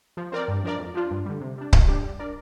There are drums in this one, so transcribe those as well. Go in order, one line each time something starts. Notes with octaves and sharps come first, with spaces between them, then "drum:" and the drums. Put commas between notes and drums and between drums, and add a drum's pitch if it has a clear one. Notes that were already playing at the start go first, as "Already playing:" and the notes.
F3
C4 A#4 D5
G2
F3 D4 A#4 D5
F2
F3 D4 F4
G2
D3 G3
C3
G3 D4
F3, drum: kick C#1
D4 G4
G3
D4 A#4 D5